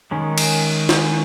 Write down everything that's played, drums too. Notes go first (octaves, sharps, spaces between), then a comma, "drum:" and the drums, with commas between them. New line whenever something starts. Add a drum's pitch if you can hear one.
D#3 G#3 C#4
drum: cymbal
drum: snare